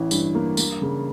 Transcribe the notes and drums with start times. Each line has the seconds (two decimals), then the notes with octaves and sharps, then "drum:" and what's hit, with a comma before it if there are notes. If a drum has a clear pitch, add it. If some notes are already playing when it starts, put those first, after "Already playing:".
Already playing: A1 E3
0.11 G2, drum: tambourine
0.35 A#3
0.57 A#3, drum: tambourine
0.82 C#3